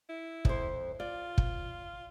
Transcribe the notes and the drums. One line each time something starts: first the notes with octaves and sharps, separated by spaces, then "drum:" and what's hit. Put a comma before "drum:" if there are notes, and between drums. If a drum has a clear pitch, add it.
E4
F2 C5, drum: kick
F4 D5
drum: kick